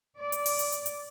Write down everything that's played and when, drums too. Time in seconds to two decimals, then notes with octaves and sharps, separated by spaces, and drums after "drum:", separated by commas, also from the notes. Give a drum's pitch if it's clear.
0.19 D5
0.32 drum: hi-hat
0.46 drum: open hi-hat
0.59 drum: hi-hat
0.72 drum: hi-hat
0.86 drum: hi-hat